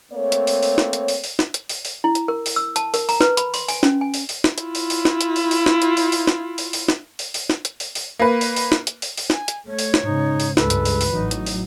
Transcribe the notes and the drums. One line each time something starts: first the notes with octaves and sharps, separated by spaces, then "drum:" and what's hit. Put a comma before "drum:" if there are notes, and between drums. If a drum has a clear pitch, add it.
A3 A#3 C4 C#5
drum: hi-hat
drum: open hi-hat
drum: open hi-hat
drum: snare
drum: hi-hat
drum: open hi-hat
drum: open hi-hat
drum: snare
drum: hi-hat
drum: open hi-hat
drum: open hi-hat
E4
drum: hi-hat
A#4
drum: open hi-hat
E6
A5, drum: hi-hat
A#4, drum: open hi-hat
A#5, drum: open hi-hat
B4, drum: snare
B5, drum: hi-hat
C6, drum: open hi-hat
G#5, drum: open hi-hat
C#4, drum: snare
G#5
drum: open hi-hat
drum: open hi-hat
drum: snare
E4 F4, drum: hi-hat
drum: open hi-hat
drum: open hi-hat
drum: snare
drum: hi-hat
drum: open hi-hat
drum: open hi-hat
drum: snare
drum: hi-hat
drum: open hi-hat
drum: open hi-hat
drum: snare
drum: open hi-hat
drum: open hi-hat
drum: snare
drum: open hi-hat
drum: open hi-hat
drum: snare
drum: hi-hat
drum: open hi-hat
drum: open hi-hat
A#3 B4
drum: open hi-hat
drum: open hi-hat
drum: snare
drum: hi-hat
drum: open hi-hat
drum: open hi-hat
G#5, drum: snare
drum: hi-hat
A3 C#5
drum: open hi-hat
drum: snare
G#2 C#3 D#4
drum: open hi-hat
C#2 G2 G#3 A4 B4, drum: snare
drum: hi-hat
drum: open hi-hat
drum: open hi-hat
A1 E3 F#3 D#4
drum: hi-hat
drum: open hi-hat